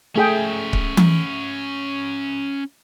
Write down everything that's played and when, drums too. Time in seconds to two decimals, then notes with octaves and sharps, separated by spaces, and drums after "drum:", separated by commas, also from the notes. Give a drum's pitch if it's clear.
0.16 A3 C#4 G#4 E5 G5
0.73 drum: kick C#1
0.97 drum: tom E3